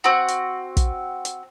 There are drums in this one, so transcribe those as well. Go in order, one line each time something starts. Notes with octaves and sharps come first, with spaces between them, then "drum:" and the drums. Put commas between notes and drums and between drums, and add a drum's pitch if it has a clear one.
C4 F#4
drum: hi-hat
drum: kick, hi-hat
drum: hi-hat